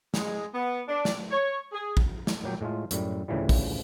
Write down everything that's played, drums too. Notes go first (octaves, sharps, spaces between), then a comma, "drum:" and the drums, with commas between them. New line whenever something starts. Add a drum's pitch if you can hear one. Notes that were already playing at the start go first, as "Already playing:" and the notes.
G#3, drum: snare
B3
D4
drum: snare
C#5
G#4
drum: kick
drum: snare
A#2 F#3 G4 G5
A2 G#3 A3 F4
F#2 A2 G3, drum: hi-hat
D2 A2 C#3 E3 F3 G3
drum: kick, open hi-hat